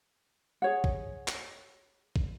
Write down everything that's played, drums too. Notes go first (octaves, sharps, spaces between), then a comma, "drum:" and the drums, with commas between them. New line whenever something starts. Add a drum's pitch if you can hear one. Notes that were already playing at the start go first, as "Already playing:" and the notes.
G#4 C#5 F#5
drum: kick
drum: clap
drum: kick